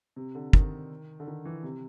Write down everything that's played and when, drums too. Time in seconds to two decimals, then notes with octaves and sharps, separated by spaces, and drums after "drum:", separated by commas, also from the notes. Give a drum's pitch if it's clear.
0.16 C3
0.35 D3
0.53 D#3, drum: kick
1.20 D3
1.27 D#3
1.45 E3
1.63 C3